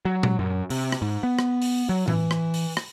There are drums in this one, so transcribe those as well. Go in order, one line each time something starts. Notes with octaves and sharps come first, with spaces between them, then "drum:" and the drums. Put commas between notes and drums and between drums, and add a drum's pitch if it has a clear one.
F#3
drum: tom A#2
F#2
C3, drum: open hi-hat
drum: rim click
G#2
B3
drum: rim click
drum: open hi-hat
F#3
E3, drum: tom A2
drum: rim click
drum: open hi-hat
drum: rim click